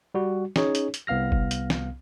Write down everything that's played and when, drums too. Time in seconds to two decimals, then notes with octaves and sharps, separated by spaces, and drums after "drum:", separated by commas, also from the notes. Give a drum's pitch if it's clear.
0.15 G3 F#4
0.56 C#4 D#4 G#4 C#5, drum: snare
0.75 drum: hi-hat
0.94 drum: hi-hat
1.07 C2 B3 F5 F6 A#6
1.32 drum: kick G1
1.51 drum: hi-hat
1.70 drum: snare